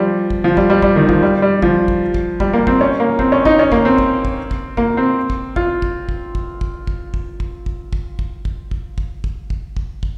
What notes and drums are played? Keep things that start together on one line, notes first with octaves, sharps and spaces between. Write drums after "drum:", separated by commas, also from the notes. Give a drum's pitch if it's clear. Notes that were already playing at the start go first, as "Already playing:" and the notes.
Already playing: F3 G3
drum: kick
F3
G3, drum: kick
G3
G3, drum: kick
D#3
F3, drum: kick
G3
G3
F3, drum: kick
drum: kick
drum: kick
G3, drum: kick
A#3
C4, drum: kick
C#4
A#3
C4, drum: kick
C#4
D#4, drum: kick
C#4
A#3, drum: kick
C4
drum: kick
drum: kick
drum: kick
A#3, drum: kick
C4
drum: kick
F4, drum: kick
drum: kick
drum: kick
drum: kick
drum: kick
drum: kick
drum: kick
drum: kick
drum: kick
drum: kick
drum: kick
drum: kick
drum: kick
drum: kick
drum: kick
drum: kick
drum: kick
drum: kick